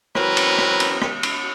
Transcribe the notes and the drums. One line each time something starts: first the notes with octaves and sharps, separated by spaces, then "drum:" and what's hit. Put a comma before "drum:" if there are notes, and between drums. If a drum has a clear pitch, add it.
E3 F#3 C4 A#4 B4, drum: rim click
drum: cymbal
drum: rim click
drum: cymbal
drum: rim click
drum: cymbal